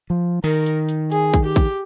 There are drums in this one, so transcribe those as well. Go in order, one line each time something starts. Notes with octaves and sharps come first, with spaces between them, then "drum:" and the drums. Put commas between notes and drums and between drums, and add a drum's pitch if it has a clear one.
F3
D#3 A#4, drum: hi-hat
drum: hi-hat
drum: hi-hat
G#4, drum: hi-hat
drum: kick, hi-hat
G4
drum: kick, hi-hat